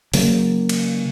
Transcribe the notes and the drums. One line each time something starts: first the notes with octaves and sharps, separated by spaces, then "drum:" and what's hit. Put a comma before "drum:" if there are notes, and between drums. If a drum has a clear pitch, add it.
C#3 F#3 A#3, drum: open hi-hat
drum: cymbal